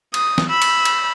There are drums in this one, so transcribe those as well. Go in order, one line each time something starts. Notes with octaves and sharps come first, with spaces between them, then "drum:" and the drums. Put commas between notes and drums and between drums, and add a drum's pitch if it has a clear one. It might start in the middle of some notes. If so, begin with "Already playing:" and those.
D#6, drum: cymbal
drum: snare
B5 E6
drum: cymbal
drum: cymbal